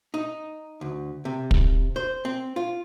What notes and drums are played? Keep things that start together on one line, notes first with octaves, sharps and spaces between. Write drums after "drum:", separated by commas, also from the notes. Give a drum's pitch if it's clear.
D#4
D2
C3
drum: kick
C5
C4
F4